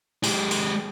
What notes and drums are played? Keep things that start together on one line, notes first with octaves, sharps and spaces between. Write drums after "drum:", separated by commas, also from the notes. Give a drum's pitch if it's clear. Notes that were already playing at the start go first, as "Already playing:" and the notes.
G#3 G4, drum: open hi-hat
drum: open hi-hat